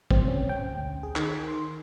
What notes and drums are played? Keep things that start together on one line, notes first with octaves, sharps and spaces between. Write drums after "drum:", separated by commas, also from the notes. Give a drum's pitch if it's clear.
C4, drum: kick
C#4
G5
D2
G#4
D#3, drum: clap
C6